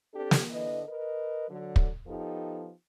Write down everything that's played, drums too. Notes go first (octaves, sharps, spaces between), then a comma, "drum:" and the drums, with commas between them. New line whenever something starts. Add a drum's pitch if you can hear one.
C4 D4 G4 A4
drum: snare
D3 E4 B4 D#5
A#4 B4 D#5
D3 F#3
drum: kick
F3 B3 D#4 G4 A4